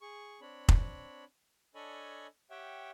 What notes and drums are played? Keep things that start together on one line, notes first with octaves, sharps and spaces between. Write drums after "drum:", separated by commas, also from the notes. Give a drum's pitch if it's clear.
G#4 C#6
C4 D4 C#5 B5
drum: kick F1
D4 A4 C#5 D#5 G#5 B5
G4 C#5 E5 F#5 G5